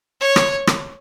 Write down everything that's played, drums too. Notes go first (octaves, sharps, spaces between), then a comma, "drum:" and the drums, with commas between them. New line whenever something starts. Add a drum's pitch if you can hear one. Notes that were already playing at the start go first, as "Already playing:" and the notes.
C#5
drum: rim click
drum: rim click